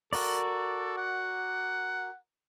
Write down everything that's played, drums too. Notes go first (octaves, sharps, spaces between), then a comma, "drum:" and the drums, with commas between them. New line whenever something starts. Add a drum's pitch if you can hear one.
F#4 A4 A#4 D5, drum: open hi-hat
F#5